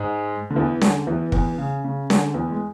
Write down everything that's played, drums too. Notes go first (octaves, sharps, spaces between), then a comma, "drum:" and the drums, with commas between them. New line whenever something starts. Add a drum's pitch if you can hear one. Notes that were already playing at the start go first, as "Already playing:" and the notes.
Already playing: G#2 G#3
D3
E2 E3
D3, drum: snare C#4
E2 E3
E2 E3, drum: kick
C#3
C#3
D3, drum: snare C#4
E2 E3
G#3